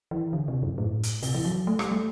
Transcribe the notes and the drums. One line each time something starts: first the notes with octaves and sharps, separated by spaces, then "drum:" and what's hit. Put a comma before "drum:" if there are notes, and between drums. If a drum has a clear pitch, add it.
E3
D3
C3
F#2
A2
drum: hi-hat
C3, drum: open hi-hat
E3
F#3
A3
G3, drum: rim click
A3